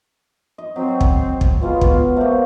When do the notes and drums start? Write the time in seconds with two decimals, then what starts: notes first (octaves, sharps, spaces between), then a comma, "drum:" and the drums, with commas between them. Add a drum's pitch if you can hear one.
0.58 D#5
0.76 F#3 C4
1.01 drum: kick
1.41 drum: kick
1.61 F#3 G#3 B3 F4
1.81 drum: kick
2.16 A3 A#3 C5